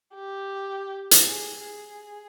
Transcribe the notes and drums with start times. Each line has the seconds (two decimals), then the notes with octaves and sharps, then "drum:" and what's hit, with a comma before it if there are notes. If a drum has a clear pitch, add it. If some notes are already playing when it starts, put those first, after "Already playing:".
0.15 G4
1.11 drum: hi-hat
1.27 G#4
1.65 G#4